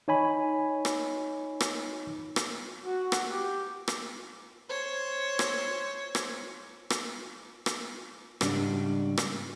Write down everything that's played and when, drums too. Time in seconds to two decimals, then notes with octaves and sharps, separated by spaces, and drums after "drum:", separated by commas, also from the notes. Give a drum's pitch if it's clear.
0.08 D#4 C#5 G#5 B5
0.85 drum: rim click
1.60 drum: rim click
2.36 drum: rim click
2.85 F#4
3.12 drum: rim click
3.31 G4
3.88 drum: rim click
4.69 C5 C#5
5.39 drum: rim click
6.15 drum: rim click
6.90 drum: rim click
7.66 drum: rim click
8.41 G#2 C#3 G3 C#4 D4, drum: rim click
9.17 drum: rim click